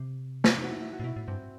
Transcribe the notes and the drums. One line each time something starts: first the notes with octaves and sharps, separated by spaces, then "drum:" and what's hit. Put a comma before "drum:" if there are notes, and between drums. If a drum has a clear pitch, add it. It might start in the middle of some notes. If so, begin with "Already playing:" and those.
Already playing: C3
drum: snare
D#4
E4 F#4
E4
F#4
A2
B2 E4
A2
G2 C4